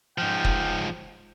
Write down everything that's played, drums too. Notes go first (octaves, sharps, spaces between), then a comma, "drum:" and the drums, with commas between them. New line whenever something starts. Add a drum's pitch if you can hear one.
G#2 F3 G5
drum: kick